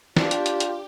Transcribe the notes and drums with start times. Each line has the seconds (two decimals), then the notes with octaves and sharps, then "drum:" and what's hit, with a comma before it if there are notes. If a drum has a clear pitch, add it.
0.17 D4 F4 G4, drum: snare
0.31 drum: hi-hat
0.46 drum: hi-hat
0.60 drum: hi-hat